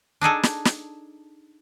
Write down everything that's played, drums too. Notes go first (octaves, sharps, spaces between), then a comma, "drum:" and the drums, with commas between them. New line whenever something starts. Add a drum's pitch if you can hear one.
D4 D#4 G#4 A4
drum: snare
drum: snare